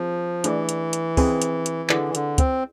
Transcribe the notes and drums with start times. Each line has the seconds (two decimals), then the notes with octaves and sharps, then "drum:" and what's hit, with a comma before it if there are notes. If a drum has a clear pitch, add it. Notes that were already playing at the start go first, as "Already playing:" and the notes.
Already playing: F3 C4 G#4
0.44 E3 A3 D4 G#4 D5, drum: hi-hat
0.69 drum: hi-hat
0.93 drum: hi-hat
1.17 C4 G#4 B4, drum: kick, open hi-hat
1.42 drum: hi-hat
1.66 drum: hi-hat
1.90 D3 E4 G#4 B4 D5, drum: clap
2.08 E3
2.15 D3, drum: hi-hat
2.38 C4, drum: kick, hi-hat